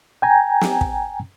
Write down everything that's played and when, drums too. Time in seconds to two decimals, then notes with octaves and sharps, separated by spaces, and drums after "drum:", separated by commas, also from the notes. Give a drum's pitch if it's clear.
0.22 G5 G#5 A#5
0.61 drum: snare
0.81 drum: kick